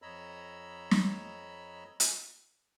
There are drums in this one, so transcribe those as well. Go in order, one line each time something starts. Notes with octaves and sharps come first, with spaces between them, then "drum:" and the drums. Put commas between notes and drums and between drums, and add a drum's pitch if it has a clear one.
F2 C#5 D#5 A#5 B5 E6
drum: snare
drum: hi-hat